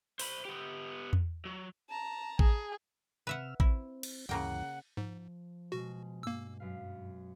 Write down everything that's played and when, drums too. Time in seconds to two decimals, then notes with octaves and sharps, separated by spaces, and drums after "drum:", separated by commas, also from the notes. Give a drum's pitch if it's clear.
0.19 C5 B5, drum: open hi-hat
0.45 B3 G4
1.13 drum: tom E2
1.46 F#3
1.90 A5 A#5
2.39 G#4, drum: kick A1
3.27 C3 B4 E5 F#5 E6 F6
3.60 C4 E4, drum: kick A1
4.03 drum: cymbal
4.29 D2 G2 C#3 E3 A#3 F#5 G5
4.97 G#2 F3
5.72 B2 G#3 F#4
6.23 G2 A#3 E6
6.60 F#2 B4 F5